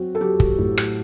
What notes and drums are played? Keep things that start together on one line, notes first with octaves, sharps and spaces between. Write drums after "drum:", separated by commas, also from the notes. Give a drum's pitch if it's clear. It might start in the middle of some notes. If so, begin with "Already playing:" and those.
Already playing: F#3 C4 F#4
A4
F#3 G4
drum: kick
A2
drum: rim click